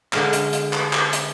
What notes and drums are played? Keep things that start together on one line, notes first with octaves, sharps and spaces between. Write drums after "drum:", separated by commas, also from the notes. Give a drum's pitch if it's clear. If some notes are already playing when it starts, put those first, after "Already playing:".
D3 G#3 F5, drum: clap
drum: hi-hat
drum: hi-hat
drum: clap
drum: clap
drum: hi-hat